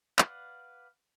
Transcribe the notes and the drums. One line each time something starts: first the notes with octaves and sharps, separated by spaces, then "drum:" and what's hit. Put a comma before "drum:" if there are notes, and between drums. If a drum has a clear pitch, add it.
B4 D5 F5 F#5, drum: clap